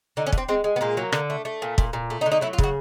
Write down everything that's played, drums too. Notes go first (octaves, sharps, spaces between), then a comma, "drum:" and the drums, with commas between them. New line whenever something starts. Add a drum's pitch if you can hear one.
D3 D#4
C#4
A3, drum: kick
C4
G#3 C4
G#3
B3
A#2 A#3
F#3
D3, drum: rim click
A3
A3
A#2
A#2, drum: kick
A#2
A3
D#4
D3
D#4
F#3 E4
F4
C#3 F#4, drum: kick